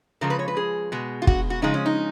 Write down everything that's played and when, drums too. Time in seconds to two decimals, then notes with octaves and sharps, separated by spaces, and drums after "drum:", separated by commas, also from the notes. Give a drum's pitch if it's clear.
0.21 C#3 F3 G#3 A#4
0.30 B4
0.39 C#5
0.48 B4
0.57 G#4
0.92 B2 G#3
1.22 F4
1.27 F#4, drum: kick
1.50 F#4
1.62 C#3 F3 G#3 D#4
1.74 C#4
1.86 D#4